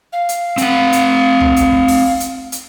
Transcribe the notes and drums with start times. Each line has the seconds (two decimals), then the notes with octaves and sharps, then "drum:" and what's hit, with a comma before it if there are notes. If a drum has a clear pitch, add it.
0.13 F5
0.29 drum: hi-hat
0.58 C4 F#5, drum: hi-hat
0.93 drum: hi-hat
1.40 drum: tom
1.56 drum: hi-hat
1.72 drum: kick
1.88 drum: open hi-hat
2.20 drum: hi-hat
2.52 drum: hi-hat